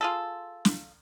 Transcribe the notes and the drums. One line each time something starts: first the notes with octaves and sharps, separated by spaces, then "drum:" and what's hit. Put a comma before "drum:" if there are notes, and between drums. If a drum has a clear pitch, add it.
F4 G#4 A4
drum: snare